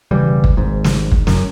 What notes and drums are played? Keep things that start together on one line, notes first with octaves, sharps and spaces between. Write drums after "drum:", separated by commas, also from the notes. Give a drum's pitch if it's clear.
E1 C#3 E3 G3
drum: kick
G#1 G#2
drum: snare
drum: kick
F#2, drum: snare